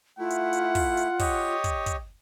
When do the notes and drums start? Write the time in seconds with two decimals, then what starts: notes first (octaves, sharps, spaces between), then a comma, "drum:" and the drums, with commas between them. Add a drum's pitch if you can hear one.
0.19 A3 E4 F4 F#5
0.30 drum: hi-hat
0.53 drum: hi-hat
0.75 drum: kick, open hi-hat
0.97 drum: hi-hat
1.19 G4 C#5 D#5, drum: kick, open hi-hat
1.64 drum: kick, hi-hat
1.86 drum: kick, hi-hat